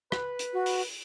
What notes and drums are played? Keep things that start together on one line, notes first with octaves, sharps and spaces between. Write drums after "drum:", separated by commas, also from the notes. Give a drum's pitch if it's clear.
B4, drum: rim click
drum: hi-hat
F#4
drum: open hi-hat